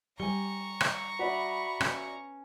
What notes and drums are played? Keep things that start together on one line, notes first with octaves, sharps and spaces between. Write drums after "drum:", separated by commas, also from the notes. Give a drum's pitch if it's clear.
G3 G#5 A#5 C#6 G7
drum: rim click
F#4 D5 E5 B5
C#4 B4, drum: rim click